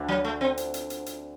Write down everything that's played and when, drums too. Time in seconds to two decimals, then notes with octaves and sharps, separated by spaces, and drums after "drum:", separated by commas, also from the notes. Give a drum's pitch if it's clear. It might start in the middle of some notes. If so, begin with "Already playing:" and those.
Already playing: D2 D3
0.08 F#3
0.25 A3
0.41 C4
0.57 drum: hi-hat
0.74 drum: hi-hat
0.90 drum: hi-hat
1.06 drum: hi-hat